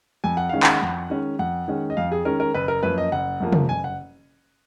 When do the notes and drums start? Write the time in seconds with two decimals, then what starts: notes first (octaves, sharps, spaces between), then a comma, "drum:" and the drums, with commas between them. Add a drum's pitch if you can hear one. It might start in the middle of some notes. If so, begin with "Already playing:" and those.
0.24 F2 G#5
0.37 F#5
0.49 D#3 G#3 C#4 F5
0.63 F#5, drum: clap
0.82 F2
1.10 D#3 G#3 C#4
1.39 F2 F#5
1.68 D#3 G#3 C#4
1.90 D#5
1.97 F2 F5
2.12 G#4
2.25 D#3 G#3 C#4 A#4
2.40 A#4
2.54 F#1 B4
2.68 A#4
2.83 F#2 F3 A#3 B4
2.98 D#5
3.12 F#1 F#5
3.40 F#2 F3 A#3
3.52 drum: tom
3.69 F#1 G#5
3.84 F#5